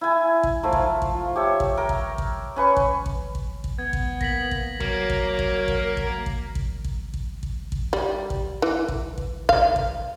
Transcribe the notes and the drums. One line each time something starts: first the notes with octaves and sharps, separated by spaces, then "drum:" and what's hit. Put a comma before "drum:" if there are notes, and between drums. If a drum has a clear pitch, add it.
E4 G#5
drum: kick
F3 A3 F4 A#4
drum: kick
drum: kick
F4
G4 C#5 E5
drum: kick
A#4 G5 A#5
drum: kick
drum: kick
C#4 B4 C#6
drum: kick
drum: kick
drum: kick
drum: kick
B3 G#6
drum: kick
A#3 A#6 B6 F#7, drum: kick
drum: kick
F#3 A#3 A#4, drum: kick
drum: kick
drum: kick
drum: kick
drum: kick
drum: kick
drum: kick
drum: kick
drum: kick
drum: kick
drum: kick
G3
drum: kick
E3
drum: kick
drum: kick
F5, drum: kick
drum: kick